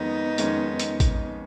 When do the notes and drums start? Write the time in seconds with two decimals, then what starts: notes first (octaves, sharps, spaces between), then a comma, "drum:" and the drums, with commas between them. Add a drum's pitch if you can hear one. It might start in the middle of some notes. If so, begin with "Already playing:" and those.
Already playing: F2 D#3 G#3 B3 C#4 D#4
0.38 F2 D#3 G#3 C#4, drum: hi-hat
0.79 drum: hi-hat
1.00 drum: kick A1, hi-hat